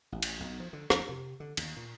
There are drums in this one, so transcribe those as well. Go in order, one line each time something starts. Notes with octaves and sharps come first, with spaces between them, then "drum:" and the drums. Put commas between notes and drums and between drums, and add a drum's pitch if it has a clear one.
A1
drum: cymbal
B1
F3
D3
F2, drum: snare
C3
D3
D#2, drum: cymbal
A#2